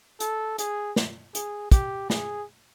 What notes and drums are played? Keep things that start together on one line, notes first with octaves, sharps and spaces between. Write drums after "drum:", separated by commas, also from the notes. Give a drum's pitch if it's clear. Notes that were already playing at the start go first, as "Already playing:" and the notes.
A4, drum: hi-hat
G#4, drum: hi-hat
drum: snare
G#4, drum: hi-hat
G4, drum: kick, hi-hat
G#4, drum: snare